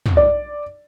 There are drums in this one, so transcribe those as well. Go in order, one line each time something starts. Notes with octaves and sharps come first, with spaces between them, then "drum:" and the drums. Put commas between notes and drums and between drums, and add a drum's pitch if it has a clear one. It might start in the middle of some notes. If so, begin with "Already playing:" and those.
drum: tom
D5